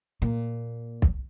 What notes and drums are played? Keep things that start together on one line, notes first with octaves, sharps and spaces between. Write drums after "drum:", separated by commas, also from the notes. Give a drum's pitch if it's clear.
A#2
drum: kick